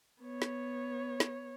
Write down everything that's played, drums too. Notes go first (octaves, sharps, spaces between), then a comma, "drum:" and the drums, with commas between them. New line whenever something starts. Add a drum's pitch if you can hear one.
B3 C#5
drum: snare
drum: snare